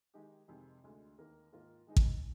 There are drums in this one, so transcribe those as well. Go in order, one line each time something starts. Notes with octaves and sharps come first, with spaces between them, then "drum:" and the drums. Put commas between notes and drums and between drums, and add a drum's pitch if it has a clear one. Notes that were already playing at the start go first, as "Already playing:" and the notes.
D#3 G#3 D#4 G4
F2 C3 D#3 G#3 C4
D2 D3 G#3
D#2 D#3 A#3
G#2 D#3 A#3 F4
D#3 G#3 D#4 G#4
drum: kick A1